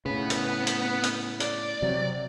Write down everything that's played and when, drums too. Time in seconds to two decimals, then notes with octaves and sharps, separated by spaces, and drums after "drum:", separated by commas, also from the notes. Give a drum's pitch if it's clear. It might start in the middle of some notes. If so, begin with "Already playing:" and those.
0.06 A2 C#3 B3 B4
0.30 drum: hi-hat
0.67 drum: hi-hat
1.04 drum: hi-hat
1.40 D5, drum: hi-hat
1.82 C3 F#3